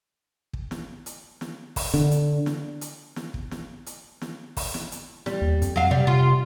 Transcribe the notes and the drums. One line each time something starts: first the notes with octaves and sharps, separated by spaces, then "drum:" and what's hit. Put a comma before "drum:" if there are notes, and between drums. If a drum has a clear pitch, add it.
drum: kick
drum: snare
drum: hi-hat
drum: snare
drum: kick, open hi-hat
D3, drum: snare
drum: hi-hat
drum: snare
drum: hi-hat
drum: snare
drum: kick
drum: snare
drum: hi-hat
drum: snare
drum: kick, open hi-hat
drum: snare
drum: hi-hat
G3, drum: snare
D#2
F2, drum: hi-hat
F#3 F5
C3 G3
C3 F4